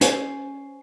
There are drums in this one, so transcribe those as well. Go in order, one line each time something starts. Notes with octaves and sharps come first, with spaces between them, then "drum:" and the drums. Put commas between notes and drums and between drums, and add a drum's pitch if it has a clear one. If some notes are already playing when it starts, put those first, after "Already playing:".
C#4 C5 G#5, drum: hi-hat